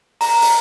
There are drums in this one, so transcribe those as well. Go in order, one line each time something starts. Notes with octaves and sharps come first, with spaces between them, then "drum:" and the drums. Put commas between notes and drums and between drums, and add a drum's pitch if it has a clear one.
A#5, drum: open hi-hat
drum: open hi-hat